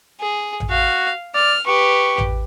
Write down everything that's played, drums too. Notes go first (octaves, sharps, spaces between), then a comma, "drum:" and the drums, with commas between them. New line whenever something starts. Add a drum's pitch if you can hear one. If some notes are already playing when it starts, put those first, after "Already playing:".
G#4
drum: tom A1
F#4 F5
D5 F6
G4 B4 C#6
drum: tom A1